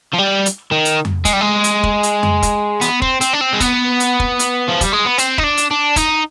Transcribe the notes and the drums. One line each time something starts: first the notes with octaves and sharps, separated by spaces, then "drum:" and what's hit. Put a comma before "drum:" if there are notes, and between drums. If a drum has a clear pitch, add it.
F3
G3
drum: hi-hat
D#3
drum: hi-hat
drum: tom F2
G#3, drum: kick, hi-hat
G3
G#3
drum: hi-hat
drum: kick
drum: hi-hat
drum: tom F2
drum: kick, hi-hat
B3, drum: hi-hat
C4, drum: kick
C4, drum: hi-hat
D4
C4
G#3
B3, drum: kick, hi-hat
drum: hi-hat
drum: kick
drum: hi-hat
F3
G3, drum: kick, hi-hat
G#3
B3
C4, drum: hi-hat
D#4, drum: kick
D4
drum: hi-hat
D4
D#4, drum: kick, hi-hat